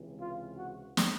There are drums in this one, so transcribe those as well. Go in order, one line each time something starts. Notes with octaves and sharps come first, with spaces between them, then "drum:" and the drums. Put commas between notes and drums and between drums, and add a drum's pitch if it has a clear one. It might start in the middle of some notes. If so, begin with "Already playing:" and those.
Already playing: C#2 C3 E3
F4
F#4
drum: snare